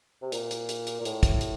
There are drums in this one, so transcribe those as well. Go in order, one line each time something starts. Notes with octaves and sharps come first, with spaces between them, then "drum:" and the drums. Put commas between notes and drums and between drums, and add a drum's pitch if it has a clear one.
C3
A#2, drum: hi-hat
drum: hi-hat
drum: hi-hat
drum: hi-hat
A#2
A2, drum: hi-hat
drum: kick, hi-hat
drum: hi-hat